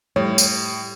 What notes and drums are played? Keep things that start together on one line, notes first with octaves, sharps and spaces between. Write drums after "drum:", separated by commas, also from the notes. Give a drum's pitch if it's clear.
A2 G3 C#5
drum: tambourine